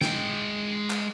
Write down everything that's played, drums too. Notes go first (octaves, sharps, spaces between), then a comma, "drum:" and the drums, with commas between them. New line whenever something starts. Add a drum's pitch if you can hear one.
G#3 G5, drum: snare
drum: clap